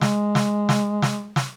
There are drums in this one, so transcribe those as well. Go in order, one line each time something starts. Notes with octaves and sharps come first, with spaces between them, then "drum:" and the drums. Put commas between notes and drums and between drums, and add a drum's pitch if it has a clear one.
G#3, drum: snare
drum: snare
drum: snare
drum: snare
drum: snare